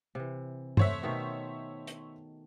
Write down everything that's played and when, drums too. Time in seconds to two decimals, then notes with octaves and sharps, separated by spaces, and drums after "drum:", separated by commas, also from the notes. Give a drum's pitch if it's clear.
0.15 C3 E3
0.77 A3 C5 C#5 E5 F#5, drum: tom G2
1.03 B2 D#3 A3
1.87 drum: hi-hat